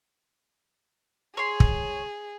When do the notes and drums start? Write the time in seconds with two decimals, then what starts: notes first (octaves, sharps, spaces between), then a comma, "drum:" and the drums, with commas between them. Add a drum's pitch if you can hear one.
1.37 G#4 C#5 C6
1.60 drum: kick